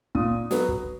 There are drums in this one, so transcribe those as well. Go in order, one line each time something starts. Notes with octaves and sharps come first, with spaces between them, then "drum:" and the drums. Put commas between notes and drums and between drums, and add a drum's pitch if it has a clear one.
A#2 D#6, drum: kick
F#3 B3, drum: snare
drum: kick